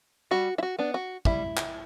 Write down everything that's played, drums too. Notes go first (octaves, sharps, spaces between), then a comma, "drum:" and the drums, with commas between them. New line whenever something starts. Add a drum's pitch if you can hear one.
G3 F#4
E4
F#4
B3 D4
F#4
G3 E4, drum: kick
drum: clap